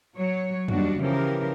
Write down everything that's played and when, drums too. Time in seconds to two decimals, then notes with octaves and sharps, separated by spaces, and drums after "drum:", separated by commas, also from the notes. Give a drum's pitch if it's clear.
0.15 F#3 C#5
0.68 D#2 G3 D4 F#4, drum: tom
1.00 C#3 E3 F3 G4 A#4